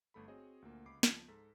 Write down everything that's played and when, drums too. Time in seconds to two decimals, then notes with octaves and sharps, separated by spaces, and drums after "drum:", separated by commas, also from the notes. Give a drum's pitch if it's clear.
0.14 G1 A3 A4 B5
0.28 C4 F#4 G#4 C#5 D#5
0.62 D2 A#2 A#3
0.86 C#2 B5 D6 C7
1.03 C#2 F3 A5, drum: snare
1.28 G#2 A4 A#5 B6